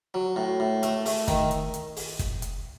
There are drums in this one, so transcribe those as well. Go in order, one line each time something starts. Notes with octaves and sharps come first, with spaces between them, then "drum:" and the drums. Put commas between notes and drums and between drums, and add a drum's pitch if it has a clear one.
F#3
A2
A2
A3, drum: hi-hat
A3, drum: open hi-hat
D#3, drum: kick, hi-hat
drum: hi-hat
drum: hi-hat
drum: open hi-hat
drum: kick, hi-hat
drum: hi-hat